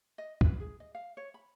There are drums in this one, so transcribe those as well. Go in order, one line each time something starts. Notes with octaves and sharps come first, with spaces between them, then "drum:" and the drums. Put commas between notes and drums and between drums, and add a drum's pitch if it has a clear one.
D#5
B4, drum: kick
G#4
D#5
F5
C#5
B5